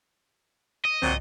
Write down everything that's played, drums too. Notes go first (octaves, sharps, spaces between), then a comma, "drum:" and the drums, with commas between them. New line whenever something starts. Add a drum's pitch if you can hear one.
D#5
A#2 F#3 C4, drum: tom